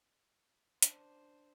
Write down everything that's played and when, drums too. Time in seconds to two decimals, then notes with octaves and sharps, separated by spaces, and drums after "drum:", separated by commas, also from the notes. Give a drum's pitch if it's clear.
0.83 D4 C5, drum: hi-hat